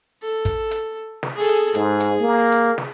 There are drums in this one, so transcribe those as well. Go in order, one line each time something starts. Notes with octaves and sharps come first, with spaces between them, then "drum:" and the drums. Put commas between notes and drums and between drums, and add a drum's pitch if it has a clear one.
A4
drum: kick, hi-hat
drum: hi-hat
drum: snare
G#4 A4
drum: hi-hat
G#2 G#4, drum: hi-hat
drum: hi-hat
A#3
drum: hi-hat
drum: snare